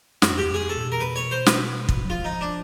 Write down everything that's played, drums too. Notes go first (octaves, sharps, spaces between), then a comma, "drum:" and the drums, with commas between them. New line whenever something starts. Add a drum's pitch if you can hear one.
F#2 F#4, drum: snare
F2
G4
E2
F2 G#4
A4
A#2
B2
A#4
B4
C#5
C5
B4, drum: snare
drum: kick
F#3
F3 F4
D#4
D4